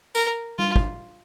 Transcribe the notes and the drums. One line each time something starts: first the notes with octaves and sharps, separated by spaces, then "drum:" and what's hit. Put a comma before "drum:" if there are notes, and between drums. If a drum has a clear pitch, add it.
A#4, drum: tambourine
F4, drum: tom G3
drum: kick